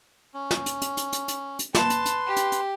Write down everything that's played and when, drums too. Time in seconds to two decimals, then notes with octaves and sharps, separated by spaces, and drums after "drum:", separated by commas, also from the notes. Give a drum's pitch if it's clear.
0.34 C#4
0.51 drum: snare
0.66 drum: hi-hat
0.82 drum: hi-hat
0.97 drum: hi-hat
1.13 drum: hi-hat
1.28 drum: hi-hat
1.59 drum: hi-hat
1.75 B4 A5 C6, drum: snare
1.90 drum: hi-hat
2.05 drum: hi-hat
2.27 G4
2.36 drum: hi-hat
2.52 drum: hi-hat